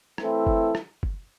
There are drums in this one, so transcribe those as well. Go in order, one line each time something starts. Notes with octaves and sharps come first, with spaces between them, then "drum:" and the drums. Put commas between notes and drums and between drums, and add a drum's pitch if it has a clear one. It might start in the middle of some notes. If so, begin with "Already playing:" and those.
E3 A3 C4 E4 A4, drum: rim click
drum: kick F#1
drum: rim click
drum: kick F#1